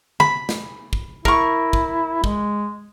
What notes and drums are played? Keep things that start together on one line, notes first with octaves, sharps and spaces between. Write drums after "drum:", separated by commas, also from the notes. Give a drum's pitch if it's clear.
B5, drum: tom D3
drum: snare
drum: kick
E4 A#4 C#6, drum: kick
drum: kick
G#3, drum: kick